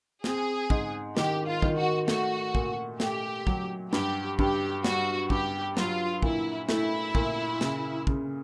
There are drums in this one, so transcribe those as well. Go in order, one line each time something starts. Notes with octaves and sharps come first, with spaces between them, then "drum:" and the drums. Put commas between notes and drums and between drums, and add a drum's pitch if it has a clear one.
C4 G#4, drum: snare
G#2, drum: kick
D#3 G4, drum: snare
F4
D#3, drum: kick
F#4
A3 F#4, drum: snare
A#2, drum: kick
A3 G4, drum: snare
F#3, drum: kick
G2 G4, drum: snare
G2 G4, drum: kick
G3 F#4, drum: snare
G2 G4, drum: kick
F#3 F4, drum: snare
A#2 E4, drum: kick
A3 E4, drum: snare
A#2, drum: kick
C#3, drum: snare
C#3, drum: kick